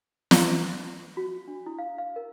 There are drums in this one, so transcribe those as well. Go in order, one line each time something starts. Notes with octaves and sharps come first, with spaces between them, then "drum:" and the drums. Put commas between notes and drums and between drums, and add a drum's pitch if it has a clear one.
drum: snare
F#4
D4
E4
F5
F5
A#4